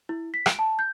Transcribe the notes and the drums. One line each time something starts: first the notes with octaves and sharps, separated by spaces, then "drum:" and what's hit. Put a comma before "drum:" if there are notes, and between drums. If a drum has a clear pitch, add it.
E4
B6
D7, drum: rim click
A5
G6